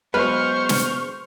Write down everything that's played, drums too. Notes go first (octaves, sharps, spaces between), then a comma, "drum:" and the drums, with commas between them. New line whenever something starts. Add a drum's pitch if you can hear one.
F#3 G#3 B3 B4 C5 C#6 F6
drum: snare